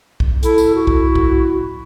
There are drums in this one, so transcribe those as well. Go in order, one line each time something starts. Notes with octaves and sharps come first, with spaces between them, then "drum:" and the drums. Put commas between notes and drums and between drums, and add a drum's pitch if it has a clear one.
drum: kick B1
E4 A4, drum: hi-hat
drum: tambourine
F#4
drum: kick B1
drum: kick B1